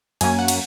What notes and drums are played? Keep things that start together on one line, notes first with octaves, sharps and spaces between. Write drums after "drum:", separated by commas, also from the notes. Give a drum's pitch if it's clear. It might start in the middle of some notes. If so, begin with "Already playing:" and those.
F#2 F#3 A#3 C#4 G#5, drum: cymbal
F#5
drum: cymbal